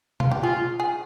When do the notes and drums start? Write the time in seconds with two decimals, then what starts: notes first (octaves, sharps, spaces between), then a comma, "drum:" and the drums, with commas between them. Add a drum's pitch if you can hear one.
0.20 F4, drum: tom B2
0.31 G4
0.43 F4 G#4
0.80 G#4